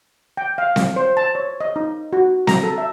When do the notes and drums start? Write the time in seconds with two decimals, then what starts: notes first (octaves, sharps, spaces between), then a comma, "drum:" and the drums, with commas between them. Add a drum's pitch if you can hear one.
0.37 G5
0.58 F5
0.76 drum: snare C4
0.96 C5
1.17 A5
1.35 C#5
1.61 D#5
1.76 D#4
2.13 F#4
2.47 A#5, drum: snare C4
2.63 A4
2.78 E5